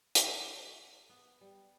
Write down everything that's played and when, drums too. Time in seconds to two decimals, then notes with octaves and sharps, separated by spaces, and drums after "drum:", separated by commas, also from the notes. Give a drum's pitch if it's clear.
0.15 G#4, drum: hi-hat
1.09 B3
1.41 G3